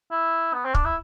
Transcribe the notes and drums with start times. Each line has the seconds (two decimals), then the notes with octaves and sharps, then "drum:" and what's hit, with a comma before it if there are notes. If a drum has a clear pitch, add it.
0.11 E4
0.53 B3
0.65 C4
0.74 D4, drum: kick
0.85 E4